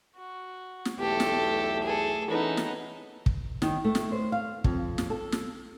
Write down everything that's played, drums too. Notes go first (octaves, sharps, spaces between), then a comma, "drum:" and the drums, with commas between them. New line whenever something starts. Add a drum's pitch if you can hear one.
F#4
drum: snare
B1 E2 A3 G4 A4
drum: snare
G#4 A4
E3 B3 C#4 D#4 A4
drum: snare
drum: kick
D#3, drum: snare
A3
drum: snare
C5
F5
F2, drum: kick
drum: snare
A4
drum: snare